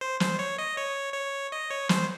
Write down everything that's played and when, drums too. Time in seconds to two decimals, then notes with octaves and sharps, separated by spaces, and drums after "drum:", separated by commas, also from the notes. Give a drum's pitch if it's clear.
0.01 C5
0.20 C5, drum: snare
0.39 C#5
0.58 D#5
0.77 C#5
1.14 C#5
1.52 D#5
1.71 C#5
1.89 C5, drum: snare